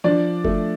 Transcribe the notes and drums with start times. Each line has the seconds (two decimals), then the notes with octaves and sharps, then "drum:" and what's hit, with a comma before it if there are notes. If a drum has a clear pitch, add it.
0.04 F3 D4 D5
0.45 A3, drum: kick F1